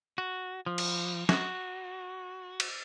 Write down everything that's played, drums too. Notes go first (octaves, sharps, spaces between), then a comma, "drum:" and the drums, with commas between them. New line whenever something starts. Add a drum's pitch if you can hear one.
F#4
F3
drum: cymbal
F#4, drum: snare
drum: cymbal